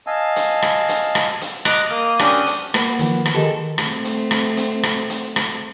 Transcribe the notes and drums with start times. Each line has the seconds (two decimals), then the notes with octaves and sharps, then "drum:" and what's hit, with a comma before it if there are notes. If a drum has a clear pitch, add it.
0.07 D#5 F5 G#5 A5 E6
0.36 drum: hi-hat
0.62 drum: rim click
0.89 drum: hi-hat
1.15 drum: rim click
1.41 drum: hi-hat
1.65 D#5 A#5 D6 F#6, drum: rim click
1.90 A#3 D#6 F6
2.19 C#4 D4 G4, drum: rim click
2.47 drum: hi-hat
2.74 A#3 B3, drum: rim click
2.99 D#3 F3, drum: hi-hat
3.26 drum: rim click
3.35 D#3 G#3 G4 A4 A#4
3.78 A3 C4, drum: rim click
4.04 drum: hi-hat
4.31 drum: rim click
4.57 drum: hi-hat
4.83 drum: rim click
5.10 drum: hi-hat
5.36 drum: rim click